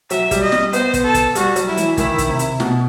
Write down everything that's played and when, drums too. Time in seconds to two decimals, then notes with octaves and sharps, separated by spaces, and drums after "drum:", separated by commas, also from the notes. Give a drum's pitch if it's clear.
0.10 F#3 E5, drum: hi-hat
0.31 G3, drum: kick, hi-hat
0.42 D#5
0.52 drum: snare
0.73 B3 C5, drum: hi-hat
0.94 drum: kick, hi-hat
1.05 A4
1.14 drum: kick, hi-hat
1.35 G3 F#4, drum: hi-hat
1.56 F#3, drum: hi-hat
1.67 E4
1.77 E3, drum: hi-hat
1.97 D#3 E4, drum: kick, hi-hat
2.18 drum: kick, hi-hat
2.28 C3
2.39 drum: hi-hat
2.60 B2, drum: snare